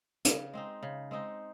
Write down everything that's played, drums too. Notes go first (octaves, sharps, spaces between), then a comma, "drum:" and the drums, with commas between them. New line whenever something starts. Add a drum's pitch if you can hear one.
C#3, drum: hi-hat
G#3 C4 D#4
C#3
G#3 C4 D#4